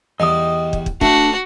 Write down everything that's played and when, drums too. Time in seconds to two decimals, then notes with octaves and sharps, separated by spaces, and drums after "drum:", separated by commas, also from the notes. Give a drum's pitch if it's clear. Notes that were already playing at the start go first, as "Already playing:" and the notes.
0.20 E2 G3 D#5 D#6
0.73 drum: kick
0.86 drum: kick
1.01 A3 D4 F#4, drum: kick